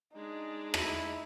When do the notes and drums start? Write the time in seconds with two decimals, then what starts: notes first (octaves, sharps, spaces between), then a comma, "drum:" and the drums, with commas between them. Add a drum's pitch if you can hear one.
0.16 G#3 D4 D#4
0.74 E4, drum: rim click